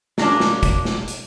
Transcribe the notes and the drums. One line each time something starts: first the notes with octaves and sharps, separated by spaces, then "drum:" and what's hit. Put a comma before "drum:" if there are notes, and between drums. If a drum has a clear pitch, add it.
F#3 A#3 C#4 D4, drum: snare
drum: snare
drum: kick, hi-hat
drum: snare
drum: hi-hat